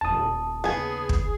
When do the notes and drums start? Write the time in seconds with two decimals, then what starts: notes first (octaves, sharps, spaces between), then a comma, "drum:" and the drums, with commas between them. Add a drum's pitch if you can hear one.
0.01 D#1 D2 A5 D#6
0.64 D#2 C#3 B3 G#4 G#5
1.09 drum: kick